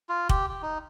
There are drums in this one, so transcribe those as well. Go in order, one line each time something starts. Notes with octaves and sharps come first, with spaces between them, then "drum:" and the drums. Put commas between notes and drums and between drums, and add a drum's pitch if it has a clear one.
F4
G4, drum: kick
G4
D#4